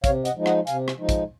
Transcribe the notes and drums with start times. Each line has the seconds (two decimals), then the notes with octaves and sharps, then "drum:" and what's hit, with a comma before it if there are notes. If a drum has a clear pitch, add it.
0.04 C3 C#5 F5, drum: kick, hi-hat
0.25 D#5 F#5, drum: hi-hat
0.35 F3 G#3 D#4
0.46 D#5 F#5, drum: rim click
0.67 C3 F5 G#5, drum: hi-hat
0.88 drum: rim click
0.98 F3 G#3 D#4
1.09 drum: kick, hi-hat